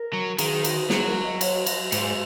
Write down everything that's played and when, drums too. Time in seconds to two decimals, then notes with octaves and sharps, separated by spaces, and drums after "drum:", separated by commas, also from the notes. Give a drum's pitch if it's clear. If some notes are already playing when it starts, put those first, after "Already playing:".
Already playing: A#4
0.13 F#3
0.39 D#3 G#4, drum: cymbal
0.64 F#4, drum: cymbal
0.90 F#3 G#4, drum: snare
1.07 A#4
1.24 D#5
1.41 C#5, drum: cymbal
1.66 D#5, drum: cymbal
1.92 G#2, drum: cymbal